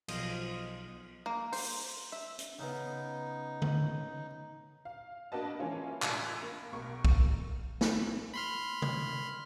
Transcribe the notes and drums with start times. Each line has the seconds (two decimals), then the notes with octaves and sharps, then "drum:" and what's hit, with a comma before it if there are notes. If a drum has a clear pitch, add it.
0.08 B1 F3 C5 D#5 F5, drum: cymbal
1.26 A#3
1.53 C5, drum: open hi-hat
2.12 E5
2.39 drum: hi-hat
2.59 C#3 B3 D#4
3.62 drum: tom D3
4.85 F5
5.32 A#3 D4 F#4 B4 D#5 A5
5.59 E3 G#3 A#3 C#4 F4
6.02 A2 F4 G#6 B6, drum: clap
6.43 A#3 B5
6.73 B1 A#4 C#6
7.05 drum: kick
7.81 drum: snare
8.34 B5 C6 F6
8.82 drum: tom C3